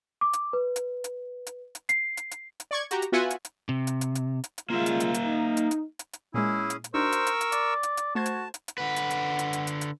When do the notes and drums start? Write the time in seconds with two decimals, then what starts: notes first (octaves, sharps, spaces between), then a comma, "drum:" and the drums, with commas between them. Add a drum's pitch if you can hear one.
0.21 D6
0.33 drum: hi-hat
0.53 B4
0.76 drum: hi-hat
1.04 drum: hi-hat
1.47 drum: hi-hat
1.75 drum: hi-hat
1.89 C7, drum: hi-hat
2.17 drum: hi-hat
2.31 drum: hi-hat
2.60 drum: hi-hat
2.71 D5 C#6 G#6
2.91 F#4 G4 A#5, drum: hi-hat
3.02 drum: hi-hat
3.12 B3 F4 F#4 E5 F#5 G#5
3.30 drum: hi-hat
3.45 drum: hi-hat
3.69 C3
3.87 drum: hi-hat
4.01 drum: hi-hat
4.15 drum: hi-hat
4.44 drum: hi-hat
4.58 drum: hi-hat
4.70 C#3 G#3 A#3 F4 E5
4.86 drum: hi-hat
5.00 drum: hi-hat
5.14 drum: hi-hat
5.24 D#4
5.57 drum: hi-hat
5.71 drum: hi-hat
5.99 drum: hi-hat
6.13 drum: hi-hat
6.34 A#2 G#3 C#4 E4 G#4
6.70 drum: hi-hat
6.84 drum: hi-hat
6.94 D4 D#4 F#4 A#4 C5 C#6 E6
7.12 drum: hi-hat
7.27 drum: hi-hat
7.41 drum: hi-hat
7.52 D5, drum: hi-hat
7.83 drum: hi-hat
7.97 drum: hi-hat
8.15 A3 F#4 C5 A5 G#6
8.26 drum: hi-hat
8.54 drum: hi-hat
8.68 drum: hi-hat
8.78 D3 B4 F#5
8.96 drum: hi-hat
9.10 drum: hi-hat
9.39 drum: hi-hat
9.53 drum: hi-hat
9.67 drum: hi-hat
9.81 drum: hi-hat